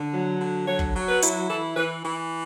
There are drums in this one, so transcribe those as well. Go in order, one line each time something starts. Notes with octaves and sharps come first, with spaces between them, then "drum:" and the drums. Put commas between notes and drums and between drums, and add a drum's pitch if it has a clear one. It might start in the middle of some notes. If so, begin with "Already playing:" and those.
Already playing: D3
F#3
D3
F#3 C#5
drum: kick
F#3
B4
E4, drum: hi-hat
E3 A4
E3 B4
E3